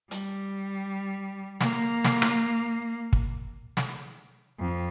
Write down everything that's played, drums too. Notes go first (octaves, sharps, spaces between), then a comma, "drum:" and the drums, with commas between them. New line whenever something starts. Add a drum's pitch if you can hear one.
G3, drum: hi-hat
A#3, drum: snare
drum: snare
drum: rim click
drum: kick
drum: snare
F2